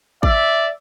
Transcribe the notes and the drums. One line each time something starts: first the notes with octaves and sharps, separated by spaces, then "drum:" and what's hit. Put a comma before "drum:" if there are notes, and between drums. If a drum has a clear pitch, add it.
D5 E5, drum: kick G#1